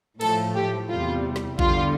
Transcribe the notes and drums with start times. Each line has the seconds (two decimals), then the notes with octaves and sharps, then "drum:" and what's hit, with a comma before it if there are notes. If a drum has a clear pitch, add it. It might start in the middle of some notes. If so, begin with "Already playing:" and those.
0.21 A2 F3 A3 A4, drum: cymbal
0.55 G4
0.89 E2 C3 G3 F4
1.36 drum: snare
1.59 E2 D3 G3 F4, drum: kick A1